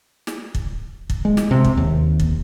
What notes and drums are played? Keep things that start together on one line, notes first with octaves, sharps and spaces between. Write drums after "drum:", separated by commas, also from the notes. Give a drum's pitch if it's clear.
drum: snare
drum: kick
drum: kick
G#3
drum: snare
C3
drum: kick
D#2
drum: kick